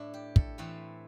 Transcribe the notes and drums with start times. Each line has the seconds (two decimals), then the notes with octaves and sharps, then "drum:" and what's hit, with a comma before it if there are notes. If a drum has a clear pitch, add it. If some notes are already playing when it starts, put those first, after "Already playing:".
Already playing: A2 A3 D4 E4
0.14 G4
0.36 A4, drum: kick
0.58 A2 E3 A3 C4 B4